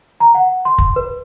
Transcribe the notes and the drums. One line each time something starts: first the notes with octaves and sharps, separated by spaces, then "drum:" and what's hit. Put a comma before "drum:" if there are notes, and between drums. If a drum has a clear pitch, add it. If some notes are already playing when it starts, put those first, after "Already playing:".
A#5
F#5
C6
drum: kick
B4